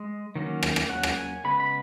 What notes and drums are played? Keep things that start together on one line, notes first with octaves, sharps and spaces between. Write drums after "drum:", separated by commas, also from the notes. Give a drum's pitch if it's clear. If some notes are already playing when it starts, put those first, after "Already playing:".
Already playing: G#3
D#3 F#3 A#3 C#4
drum: rim click
drum: rim click
F#3 A#3 C#4 F#5
drum: rim click
G#5
C#3 G#3 B3 B5
B5